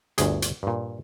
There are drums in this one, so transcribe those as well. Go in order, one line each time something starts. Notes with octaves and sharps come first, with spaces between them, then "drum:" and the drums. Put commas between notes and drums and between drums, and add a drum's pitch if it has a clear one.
G1 D2 G#4, drum: hi-hat
drum: hi-hat
G2 A#2